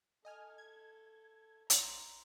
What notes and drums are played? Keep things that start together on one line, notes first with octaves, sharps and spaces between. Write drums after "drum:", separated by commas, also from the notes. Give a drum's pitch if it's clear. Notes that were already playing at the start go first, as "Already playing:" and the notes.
A4 D#5 G#5 F6
G#6
A#5 C6, drum: hi-hat